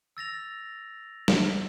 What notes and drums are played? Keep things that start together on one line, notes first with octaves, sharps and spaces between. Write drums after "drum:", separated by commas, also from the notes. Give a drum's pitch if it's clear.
E6 A6 A#6 F7
drum: snare